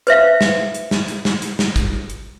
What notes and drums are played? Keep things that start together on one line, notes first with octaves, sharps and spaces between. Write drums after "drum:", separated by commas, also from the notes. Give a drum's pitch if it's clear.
B4 C5 E5 F5, drum: hi-hat
drum: snare
drum: hi-hat
drum: snare
drum: hi-hat
drum: snare
drum: hi-hat
drum: snare
drum: kick, hi-hat
drum: hi-hat